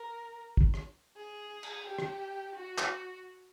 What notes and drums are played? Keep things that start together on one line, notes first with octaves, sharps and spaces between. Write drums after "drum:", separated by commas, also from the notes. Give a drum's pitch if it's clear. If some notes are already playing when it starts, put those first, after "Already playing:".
Already playing: A#4
drum: kick
drum: rim click
G#4
drum: cymbal
G4
drum: rim click
F#4
drum: clap